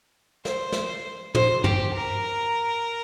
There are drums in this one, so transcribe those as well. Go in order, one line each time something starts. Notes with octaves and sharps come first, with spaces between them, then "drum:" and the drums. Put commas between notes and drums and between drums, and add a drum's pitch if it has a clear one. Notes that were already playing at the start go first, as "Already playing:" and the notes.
C5, drum: snare
drum: snare
C5, drum: tom
G4, drum: tom
A#4